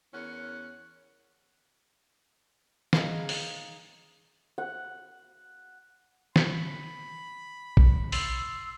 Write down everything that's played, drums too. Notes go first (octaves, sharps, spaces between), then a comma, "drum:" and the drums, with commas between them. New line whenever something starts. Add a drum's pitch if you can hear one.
E2 C#4 A#4 F#5
D#4 E4 G#4 F5, drum: snare
drum: open hi-hat
F#5
B5, drum: snare
drum: kick A#1
C6 E6 A6 C7, drum: open hi-hat